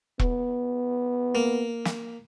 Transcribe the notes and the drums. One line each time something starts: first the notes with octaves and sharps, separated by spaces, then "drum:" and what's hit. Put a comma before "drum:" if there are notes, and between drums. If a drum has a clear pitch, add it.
B3, drum: kick E1
A#3
drum: snare